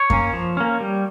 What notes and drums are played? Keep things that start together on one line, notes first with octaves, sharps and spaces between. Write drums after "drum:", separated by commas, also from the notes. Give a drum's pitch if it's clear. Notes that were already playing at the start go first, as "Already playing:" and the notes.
Already playing: C#5
A#3 C#4, drum: kick F#2
F3
A#3 C#4
G3